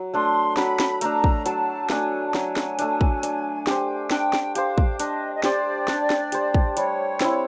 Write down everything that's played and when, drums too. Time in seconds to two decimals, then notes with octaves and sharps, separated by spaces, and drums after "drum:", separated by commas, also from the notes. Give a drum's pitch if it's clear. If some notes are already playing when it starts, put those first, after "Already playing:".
Already playing: F#3
0.14 A3 D4 C6
0.57 F#3 B5, drum: snare
0.80 drum: snare
1.01 A3 D4 A#5, drum: hi-hat
1.24 drum: kick
1.46 F#3 A5, drum: hi-hat
1.90 A3 D4 G#5, drum: snare
2.28 A5
2.34 F#3 G#5, drum: snare
2.57 drum: snare
2.79 A3 D4, drum: hi-hat
3.01 drum: kick
3.23 D4, drum: hi-hat
3.67 G4 C5, drum: snare
4.11 D4 G5, drum: snare
4.33 drum: snare
4.55 G4 C5 F5, drum: hi-hat
4.78 drum: kick
5.00 D4 D#5, drum: hi-hat
5.35 D#5
5.44 G4 C5 D5, drum: snare
5.88 D4, drum: snare
6.10 drum: snare
6.32 G4 C5, drum: hi-hat
6.54 drum: kick
6.77 G3 C#5, drum: hi-hat
7.21 C4 E4, drum: snare